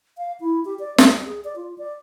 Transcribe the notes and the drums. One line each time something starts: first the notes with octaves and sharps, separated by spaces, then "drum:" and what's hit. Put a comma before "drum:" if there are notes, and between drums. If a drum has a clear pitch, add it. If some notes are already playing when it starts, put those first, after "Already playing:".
F5
E4
G4
D5
G3, drum: snare
G#4
D5
F4
D5